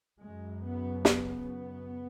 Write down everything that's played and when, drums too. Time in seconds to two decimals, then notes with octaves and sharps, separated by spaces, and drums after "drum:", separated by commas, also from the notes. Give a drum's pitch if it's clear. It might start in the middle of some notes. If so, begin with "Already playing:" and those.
0.21 F#2 C#3 G#3
0.63 B3
1.05 B3, drum: snare